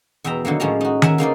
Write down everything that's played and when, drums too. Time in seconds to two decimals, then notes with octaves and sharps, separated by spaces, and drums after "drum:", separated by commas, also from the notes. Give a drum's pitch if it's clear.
0.24 E2 B2 E5 G5 A#5
0.45 D3 D#3 F#3 A#3
0.60 A2 F3 G#3 C#4 A#5
0.81 D#4 F#4
1.02 A#4 E5 F#5 G#5, drum: tom D#3
1.18 C#3 A#3 D#4 D5